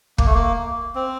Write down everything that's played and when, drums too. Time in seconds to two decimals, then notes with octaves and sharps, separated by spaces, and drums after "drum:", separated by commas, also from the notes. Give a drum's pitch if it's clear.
0.18 A#3, drum: kick
0.26 A3
0.34 A#3
0.95 C4